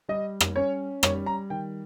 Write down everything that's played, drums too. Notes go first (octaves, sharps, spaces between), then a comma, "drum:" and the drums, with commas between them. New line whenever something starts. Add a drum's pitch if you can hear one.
G3 D#5
drum: rim click
C#4 C#5
G3 C#5, drum: rim click
A#5
D#3 G5